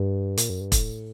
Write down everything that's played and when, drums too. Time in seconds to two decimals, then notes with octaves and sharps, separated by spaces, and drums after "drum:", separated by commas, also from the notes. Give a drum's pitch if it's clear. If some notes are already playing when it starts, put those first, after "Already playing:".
Already playing: G2
0.37 A#2, drum: hi-hat
0.49 F#2
0.61 G2
0.72 A2, drum: kick E1, hi-hat